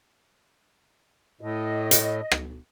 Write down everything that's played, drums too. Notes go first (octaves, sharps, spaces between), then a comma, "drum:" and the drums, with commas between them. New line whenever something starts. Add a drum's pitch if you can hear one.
A2 D#5
drum: hi-hat
drum: rim click